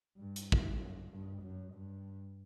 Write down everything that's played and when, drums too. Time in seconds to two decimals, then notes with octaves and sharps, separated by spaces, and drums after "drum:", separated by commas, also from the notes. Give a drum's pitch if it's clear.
0.17 G2
0.36 drum: hi-hat
0.52 drum: kick
0.80 F#2
1.11 G2
1.42 F#2
1.73 G2